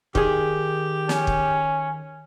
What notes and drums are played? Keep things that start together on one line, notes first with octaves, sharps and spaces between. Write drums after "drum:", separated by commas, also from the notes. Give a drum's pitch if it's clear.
D#3 G4 G#4, drum: kick
C#4, drum: snare
drum: kick